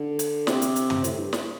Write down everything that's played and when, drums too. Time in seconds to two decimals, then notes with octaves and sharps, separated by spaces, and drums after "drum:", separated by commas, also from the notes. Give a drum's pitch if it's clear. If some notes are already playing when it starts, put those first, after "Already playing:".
Already playing: D3
0.19 drum: hi-hat
0.47 C3, drum: snare
0.62 drum: hi-hat
0.76 drum: hi-hat
0.90 drum: tom
1.04 A2, drum: hi-hat
1.19 G2
1.33 drum: snare